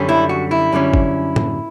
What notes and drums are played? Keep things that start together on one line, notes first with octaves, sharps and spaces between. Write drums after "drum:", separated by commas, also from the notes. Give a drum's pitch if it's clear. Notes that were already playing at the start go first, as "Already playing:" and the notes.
Already playing: F#2 D3 G3 C#4
E4
F#4
E4
F#2 D3 G3 C#4
drum: kick G1
drum: tom A2